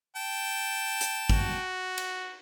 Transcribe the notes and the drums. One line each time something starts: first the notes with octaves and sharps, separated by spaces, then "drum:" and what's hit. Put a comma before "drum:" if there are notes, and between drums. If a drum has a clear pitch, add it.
G5 A5
drum: hi-hat
F#4, drum: kick G#1
drum: cymbal